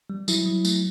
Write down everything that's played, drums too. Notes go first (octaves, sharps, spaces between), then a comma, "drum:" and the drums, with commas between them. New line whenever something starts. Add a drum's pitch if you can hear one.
G3
F#3 E4, drum: tambourine
F#3
A3, drum: tambourine